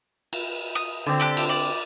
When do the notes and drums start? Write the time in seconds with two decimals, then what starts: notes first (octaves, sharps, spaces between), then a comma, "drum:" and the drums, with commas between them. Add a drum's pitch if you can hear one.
0.33 drum: cymbal
0.75 D#6
1.06 D3 C4
1.20 D4 G4 A4
1.37 drum: cymbal
1.49 D5